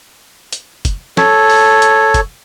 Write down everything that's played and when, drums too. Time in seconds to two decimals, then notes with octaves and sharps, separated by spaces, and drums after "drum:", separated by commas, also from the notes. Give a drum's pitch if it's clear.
0.53 drum: hi-hat
0.85 drum: kick, hi-hat
1.17 A4 C#5, drum: snare
1.50 drum: open hi-hat
1.82 drum: hi-hat
2.14 drum: kick, hi-hat